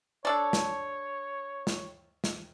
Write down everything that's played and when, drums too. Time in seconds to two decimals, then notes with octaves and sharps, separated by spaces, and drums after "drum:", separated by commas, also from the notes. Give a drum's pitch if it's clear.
0.25 D4 A4 C#5 D5
0.53 drum: snare
1.67 drum: snare
2.24 drum: snare